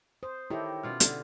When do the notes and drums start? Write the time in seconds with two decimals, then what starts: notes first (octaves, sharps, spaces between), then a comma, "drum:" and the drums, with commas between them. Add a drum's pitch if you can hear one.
0.23 C5 D#6
0.50 D#3 E4 G4 A4 C#5 G5 A#5
0.83 B2 C#4 F4 F#5 F6
1.00 D3, drum: hi-hat